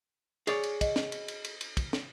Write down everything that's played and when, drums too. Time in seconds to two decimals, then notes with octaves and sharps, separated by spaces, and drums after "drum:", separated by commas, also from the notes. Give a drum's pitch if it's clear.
0.47 G#4 C#5 D5, drum: cymbal
0.63 drum: cymbal
0.81 D#5, drum: kick, cymbal
0.96 drum: snare
1.12 drum: cymbal
1.28 drum: cymbal
1.45 drum: cymbal
1.61 drum: cymbal
1.77 drum: kick, cymbal
1.93 drum: snare